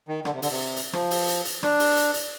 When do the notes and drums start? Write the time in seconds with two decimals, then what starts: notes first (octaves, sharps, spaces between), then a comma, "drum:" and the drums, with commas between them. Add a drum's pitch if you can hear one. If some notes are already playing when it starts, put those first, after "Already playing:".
0.08 D#3
0.25 D3, drum: rim click
0.34 C3
0.42 D3, drum: open hi-hat
0.51 C3
0.76 drum: hi-hat
0.93 F3, drum: rim click
1.11 drum: open hi-hat
1.28 drum: hi-hat
1.45 drum: hi-hat
1.63 D4, drum: rim click
1.79 drum: open hi-hat
1.97 drum: hi-hat
2.14 drum: hi-hat